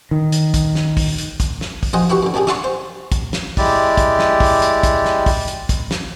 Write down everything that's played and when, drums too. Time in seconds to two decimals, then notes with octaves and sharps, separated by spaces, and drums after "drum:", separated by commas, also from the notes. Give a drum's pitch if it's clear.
0.11 D#3
0.32 drum: hi-hat
0.54 drum: kick, hi-hat
0.75 drum: snare
0.97 drum: kick, open hi-hat
1.18 drum: hi-hat
1.40 drum: kick, hi-hat
1.61 drum: snare
1.83 drum: kick, open hi-hat
1.93 D2 F3 C5 D#5 F#5 G#5
2.09 E4 F#4 G4 B4 C#6
2.23 A2 D3
2.34 A#2 A3 D4 G4 G#4
2.47 D5 E5 F#5 A5 C6 C#6, drum: snare
2.64 C5
3.12 drum: kick, hi-hat
3.33 drum: snare
3.57 G#3 E4 G4 D5, drum: kick, open hi-hat
3.97 drum: kick, hi-hat
4.19 drum: snare
4.40 drum: kick, open hi-hat
4.62 drum: hi-hat
4.83 drum: kick, hi-hat
5.05 drum: snare
5.26 drum: kick, open hi-hat
5.48 drum: hi-hat
5.69 drum: kick, hi-hat
5.91 drum: snare